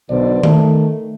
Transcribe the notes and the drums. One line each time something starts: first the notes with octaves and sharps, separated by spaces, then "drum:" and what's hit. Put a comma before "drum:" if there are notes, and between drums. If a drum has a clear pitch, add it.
B1 B2 D3 C5 D5
D#3 A3, drum: tom D#3